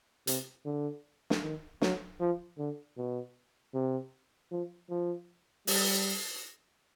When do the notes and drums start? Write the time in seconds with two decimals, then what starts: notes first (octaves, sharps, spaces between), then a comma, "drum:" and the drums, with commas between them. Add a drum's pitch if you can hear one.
0.27 C3, drum: hi-hat
0.65 D3
1.30 drum: snare
1.43 D#3
1.81 F#3, drum: snare
2.20 F3
2.59 D3
2.97 B2
3.74 C3
4.51 F3
4.90 F3
5.67 G3, drum: open hi-hat